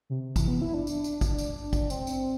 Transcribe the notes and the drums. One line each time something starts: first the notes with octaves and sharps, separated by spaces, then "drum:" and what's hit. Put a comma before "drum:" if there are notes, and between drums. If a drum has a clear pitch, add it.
C3
E3, drum: kick, tambourine
B3
E4
D4
drum: tambourine
drum: tambourine
drum: kick, tambourine
drum: tambourine
drum: kick, tambourine
C4, drum: tambourine
drum: tambourine